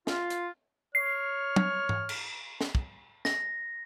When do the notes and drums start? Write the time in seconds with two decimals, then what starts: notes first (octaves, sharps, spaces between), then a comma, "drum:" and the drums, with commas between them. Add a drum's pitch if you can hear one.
0.07 F4, drum: snare
0.30 drum: hi-hat
0.95 C#5 F6 C7
1.56 drum: tom
1.89 drum: tom G#2
2.09 drum: cymbal
2.61 drum: snare
2.75 drum: kick
3.25 A#6, drum: snare